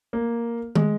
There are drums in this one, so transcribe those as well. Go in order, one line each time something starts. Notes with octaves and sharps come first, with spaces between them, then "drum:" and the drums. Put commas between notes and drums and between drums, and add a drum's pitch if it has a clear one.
A#3
G#3, drum: tom